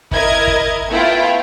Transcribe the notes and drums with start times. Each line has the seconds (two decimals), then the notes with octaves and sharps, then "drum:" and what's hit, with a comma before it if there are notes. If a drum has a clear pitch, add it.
0.11 E4 A#4 D#5 G#6, drum: kick
0.47 drum: kick
0.89 A3 B3 E4 F4 G5